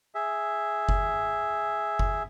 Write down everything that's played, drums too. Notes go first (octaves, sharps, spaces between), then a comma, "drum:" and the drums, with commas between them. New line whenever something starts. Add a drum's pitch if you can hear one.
G#4 E5
drum: kick F#1
drum: kick F#1